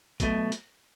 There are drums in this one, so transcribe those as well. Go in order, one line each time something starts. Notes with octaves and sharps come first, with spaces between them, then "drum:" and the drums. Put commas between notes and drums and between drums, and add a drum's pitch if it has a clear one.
B1 B2 A3, drum: kick A#1, hi-hat
drum: hi-hat